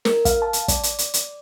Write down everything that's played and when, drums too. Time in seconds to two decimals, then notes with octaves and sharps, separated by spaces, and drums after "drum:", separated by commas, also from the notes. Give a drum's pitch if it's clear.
0.05 A#4, drum: snare
0.25 F5, drum: kick, hi-hat
0.42 A5
0.53 drum: hi-hat
0.68 D5, drum: kick, hi-hat
0.83 drum: hi-hat
0.98 drum: hi-hat
1.14 drum: hi-hat